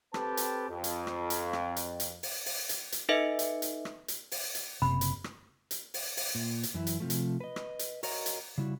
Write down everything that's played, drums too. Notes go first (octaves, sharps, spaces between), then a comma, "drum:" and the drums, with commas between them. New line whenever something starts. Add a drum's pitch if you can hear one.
C4 G4 A4 B4 A5, drum: rim click
drum: hi-hat
F2
drum: hi-hat
drum: rim click
drum: hi-hat
drum: rim click
drum: hi-hat
drum: hi-hat
drum: open hi-hat
drum: open hi-hat
drum: hi-hat
drum: hi-hat
D#4 A4 B4 D#5 E5 C#7
drum: hi-hat
drum: hi-hat
drum: rim click
drum: hi-hat
drum: open hi-hat
drum: hi-hat
F#1 C3 B5
drum: hi-hat
drum: rim click
drum: hi-hat
drum: open hi-hat
drum: open hi-hat
A#2
drum: hi-hat
F#2 E3 E4
drum: hi-hat
C3 F3 A3
drum: hi-hat
B4 D#5
drum: rim click
drum: hi-hat
F#4 A#4 C#5 D#5 F#5 A#5, drum: open hi-hat
drum: hi-hat
C#3 G3 E4 F#4